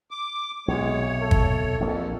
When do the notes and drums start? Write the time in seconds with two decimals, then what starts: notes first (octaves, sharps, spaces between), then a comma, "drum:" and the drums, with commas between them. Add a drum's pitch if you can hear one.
0.11 D6
0.68 B1 C3 G#3 C#5
1.21 A4
1.31 drum: kick G1
1.81 A#1 F2 A#3